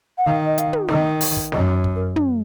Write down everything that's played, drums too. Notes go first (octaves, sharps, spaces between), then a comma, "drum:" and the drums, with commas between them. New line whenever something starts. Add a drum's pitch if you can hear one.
F#5
D#3 F5
D#5
F5, drum: hi-hat
drum: tom
D#3 D#5, drum: snare
drum: open hi-hat
drum: kick
F#2 D#5, drum: snare
C#5
drum: kick
A#4
drum: tom